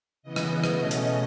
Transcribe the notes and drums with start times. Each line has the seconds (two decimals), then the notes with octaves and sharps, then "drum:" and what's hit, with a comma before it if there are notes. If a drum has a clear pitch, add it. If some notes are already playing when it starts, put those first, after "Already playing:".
0.23 C#3 E3 B3 D#5
0.36 drum: rim click
0.64 B2 A3 C#4, drum: rim click
0.91 drum: hi-hat